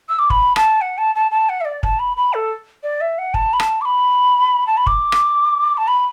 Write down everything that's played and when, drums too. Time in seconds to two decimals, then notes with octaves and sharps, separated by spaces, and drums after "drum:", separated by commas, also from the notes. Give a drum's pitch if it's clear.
0.09 E6
0.19 D6
0.30 B5, drum: kick
0.56 A5, drum: rim click
0.81 F#5
0.98 A5
1.15 A5
1.31 A5
1.49 F#5
1.61 E5
1.65 D5
1.83 A5, drum: kick
1.99 B5
2.17 B5
2.34 A4
2.83 D5
3.01 E5
3.18 F#5
3.34 A5, drum: kick
3.53 B5
3.60 A5, drum: rim click
3.81 D6
3.86 B5
4.67 A5
4.77 B5
4.86 D6, drum: kick
5.12 drum: rim click
5.77 A5
5.88 B5